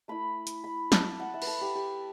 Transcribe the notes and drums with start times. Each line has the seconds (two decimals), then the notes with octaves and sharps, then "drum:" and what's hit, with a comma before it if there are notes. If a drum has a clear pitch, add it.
0.08 A3 E4 B5
0.47 drum: hi-hat
0.64 B5
0.92 A5, drum: snare
1.19 F#5
1.34 E5
1.42 B4, drum: cymbal
1.47 A4
1.61 G4
1.75 G4